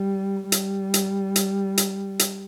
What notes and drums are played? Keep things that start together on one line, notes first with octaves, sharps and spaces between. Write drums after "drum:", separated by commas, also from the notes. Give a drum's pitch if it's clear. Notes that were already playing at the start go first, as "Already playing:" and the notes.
Already playing: G3
G3, drum: hi-hat
drum: hi-hat
drum: hi-hat
drum: hi-hat
drum: hi-hat